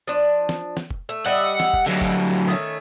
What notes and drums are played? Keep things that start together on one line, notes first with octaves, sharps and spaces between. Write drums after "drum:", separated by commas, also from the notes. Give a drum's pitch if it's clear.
F3 D4
drum: snare
drum: snare
drum: kick
A3
G3 D#5 E5 F#5
drum: snare
drum: kick
D3 F#3
drum: kick
D#3 A3 C#4